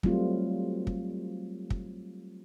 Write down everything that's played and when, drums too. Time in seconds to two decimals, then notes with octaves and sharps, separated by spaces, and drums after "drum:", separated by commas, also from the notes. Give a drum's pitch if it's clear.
0.03 F#3 G3 A3 C4 F4, drum: kick
0.87 drum: kick
1.70 drum: kick